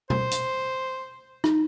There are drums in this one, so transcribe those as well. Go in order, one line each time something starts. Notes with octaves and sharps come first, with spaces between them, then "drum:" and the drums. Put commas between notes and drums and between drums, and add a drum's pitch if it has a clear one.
C5, drum: tom B2
drum: hi-hat
D#4, drum: rim click